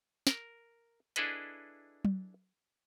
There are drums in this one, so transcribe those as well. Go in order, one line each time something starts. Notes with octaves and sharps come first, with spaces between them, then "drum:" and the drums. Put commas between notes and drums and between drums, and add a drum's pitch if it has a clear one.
A#4, drum: snare
D4 E4 G#4 A4 B4 D#5, drum: hi-hat
drum: tom F#3